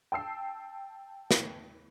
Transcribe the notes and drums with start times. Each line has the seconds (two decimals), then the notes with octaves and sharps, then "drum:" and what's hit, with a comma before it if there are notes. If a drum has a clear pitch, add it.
0.12 G5 A5 E6 C7
1.31 drum: snare